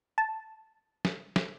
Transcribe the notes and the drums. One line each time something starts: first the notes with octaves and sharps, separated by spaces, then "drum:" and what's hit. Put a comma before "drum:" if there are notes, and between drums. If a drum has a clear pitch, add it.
A5
drum: snare
drum: snare